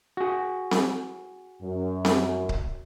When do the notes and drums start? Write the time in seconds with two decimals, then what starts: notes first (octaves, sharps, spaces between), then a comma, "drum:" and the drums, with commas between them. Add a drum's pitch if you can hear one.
0.17 F#4 G#4
0.71 drum: snare C4
1.60 F#2
2.05 drum: snare C4
2.49 drum: kick C#1